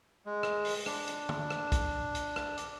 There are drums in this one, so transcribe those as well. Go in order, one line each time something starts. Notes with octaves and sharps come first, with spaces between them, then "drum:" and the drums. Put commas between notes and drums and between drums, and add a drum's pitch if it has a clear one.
G#3
drum: rim click
drum: open hi-hat
D4, drum: rim click
drum: hi-hat
drum: tom
drum: rim click
drum: kick, hi-hat
drum: hi-hat
drum: rim click
drum: hi-hat